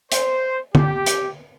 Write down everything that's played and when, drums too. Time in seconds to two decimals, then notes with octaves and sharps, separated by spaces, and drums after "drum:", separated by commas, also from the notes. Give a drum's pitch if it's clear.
0.12 C5, drum: hi-hat
0.75 G4, drum: tom
1.06 drum: hi-hat